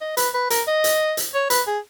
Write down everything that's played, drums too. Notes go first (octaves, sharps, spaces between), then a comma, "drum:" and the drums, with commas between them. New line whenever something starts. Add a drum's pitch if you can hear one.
D#5
B4, drum: hi-hat
B4
A#4, drum: hi-hat
D#5
drum: hi-hat
drum: hi-hat
C#5
B4, drum: hi-hat
G#4